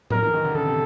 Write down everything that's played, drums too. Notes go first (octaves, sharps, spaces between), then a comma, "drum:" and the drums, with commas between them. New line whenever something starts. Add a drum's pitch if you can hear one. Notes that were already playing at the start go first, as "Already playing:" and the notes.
F#3 A#4, drum: tom A2
E3
D#3
D3
C#3 A4
C3